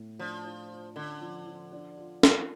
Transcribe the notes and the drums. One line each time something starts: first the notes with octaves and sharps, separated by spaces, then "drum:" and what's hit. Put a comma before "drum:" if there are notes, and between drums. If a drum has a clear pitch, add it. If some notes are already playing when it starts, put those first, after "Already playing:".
Already playing: A2
F3 D4
D4
F4
D3 C#4
F3
F3
D4
F4
F4, drum: snare